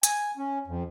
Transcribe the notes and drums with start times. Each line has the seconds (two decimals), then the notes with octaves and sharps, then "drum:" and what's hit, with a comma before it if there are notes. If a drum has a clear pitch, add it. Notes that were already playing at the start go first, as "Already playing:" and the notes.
0.03 G#5, drum: hi-hat
0.37 C#4
0.67 F2